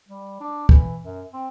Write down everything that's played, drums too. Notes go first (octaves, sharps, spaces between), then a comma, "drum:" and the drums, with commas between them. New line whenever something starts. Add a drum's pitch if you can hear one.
G3
D4
E3, drum: kick
F#2
C4